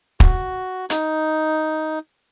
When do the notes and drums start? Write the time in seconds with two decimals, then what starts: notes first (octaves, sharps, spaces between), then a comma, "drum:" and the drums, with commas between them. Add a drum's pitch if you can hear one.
0.20 F#4, drum: kick
0.90 D#4, drum: hi-hat